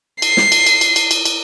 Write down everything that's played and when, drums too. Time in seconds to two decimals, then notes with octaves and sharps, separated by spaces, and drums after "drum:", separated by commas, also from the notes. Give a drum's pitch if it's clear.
0.22 C7, drum: cymbal
0.37 drum: snare
0.52 drum: cymbal
0.67 drum: cymbal
0.81 drum: cymbal
0.96 drum: cymbal
1.11 drum: cymbal
1.25 drum: cymbal